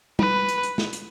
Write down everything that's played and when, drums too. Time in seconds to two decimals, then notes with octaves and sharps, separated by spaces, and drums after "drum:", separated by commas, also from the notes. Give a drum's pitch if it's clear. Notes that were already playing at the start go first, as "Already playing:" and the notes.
0.19 B4, drum: tom
0.49 drum: hi-hat
0.63 drum: hi-hat
0.78 drum: snare
0.93 drum: hi-hat